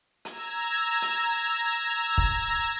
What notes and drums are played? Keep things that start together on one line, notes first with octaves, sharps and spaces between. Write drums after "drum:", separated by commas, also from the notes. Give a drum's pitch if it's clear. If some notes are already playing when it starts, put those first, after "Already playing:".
A#5 E6 G#6, drum: hi-hat
drum: hi-hat
drum: kick